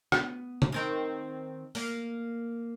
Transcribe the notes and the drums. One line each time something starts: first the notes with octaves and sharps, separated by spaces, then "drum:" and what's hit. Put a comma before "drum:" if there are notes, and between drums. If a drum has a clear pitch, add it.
B3, drum: rim click
drum: tom C3
D#3 C4 A#4
A#3, drum: open hi-hat